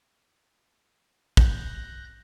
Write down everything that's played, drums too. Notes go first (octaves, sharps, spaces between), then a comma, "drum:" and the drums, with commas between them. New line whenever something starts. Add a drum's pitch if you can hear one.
F#6 G6 A#6, drum: kick